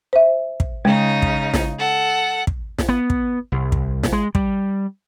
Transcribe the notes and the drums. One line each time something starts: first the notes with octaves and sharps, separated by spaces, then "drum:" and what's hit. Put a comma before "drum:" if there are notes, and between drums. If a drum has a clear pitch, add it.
C5 E5
drum: kick
C#3 G#3 D#4
drum: kick
drum: snare
A4 F#5
drum: kick
drum: snare
B3
drum: kick
C2
drum: kick
drum: snare
G#3
G3, drum: kick